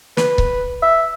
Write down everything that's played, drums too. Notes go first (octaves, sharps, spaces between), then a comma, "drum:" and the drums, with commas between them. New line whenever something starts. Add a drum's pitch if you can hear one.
B4, drum: snare
drum: kick C#1
E5